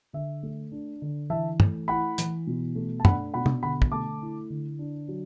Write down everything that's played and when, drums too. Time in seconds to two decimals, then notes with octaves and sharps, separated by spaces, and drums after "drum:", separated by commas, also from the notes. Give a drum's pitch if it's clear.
0.13 D3 E5
0.43 A3
0.72 D4
1.02 D3
1.30 E3 E5 A5
1.60 A3, drum: tom
1.88 E4 F#5 B5
2.18 E3, drum: hi-hat
2.47 B2
2.75 A3
3.00 A5
3.05 D4 F#5 B5, drum: tom
3.34 B2 F#5 B5
3.46 drum: tom
3.63 D3 F#5 B5
3.82 drum: kick
3.92 A3 A5 D6
4.21 E4
4.50 D3
4.79 D4
5.09 F#3